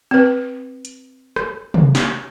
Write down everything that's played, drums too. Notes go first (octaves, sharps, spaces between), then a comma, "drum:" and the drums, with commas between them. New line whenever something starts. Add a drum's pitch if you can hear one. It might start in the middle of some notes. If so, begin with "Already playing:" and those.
C4 B4
drum: hi-hat
drum: rim click
drum: tom C3
drum: snare